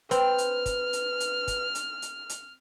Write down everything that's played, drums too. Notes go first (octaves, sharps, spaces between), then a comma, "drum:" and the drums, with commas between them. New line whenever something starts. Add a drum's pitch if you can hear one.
C4 B4 F6, drum: hi-hat
drum: hi-hat
drum: kick, hi-hat
drum: hi-hat
drum: hi-hat
drum: kick, hi-hat
drum: hi-hat
drum: hi-hat
drum: hi-hat